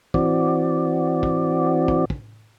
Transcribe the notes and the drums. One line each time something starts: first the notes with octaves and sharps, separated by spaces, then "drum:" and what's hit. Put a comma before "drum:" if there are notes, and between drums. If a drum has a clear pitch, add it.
E3 C4 F#4 D5, drum: kick
drum: kick
drum: kick
drum: kick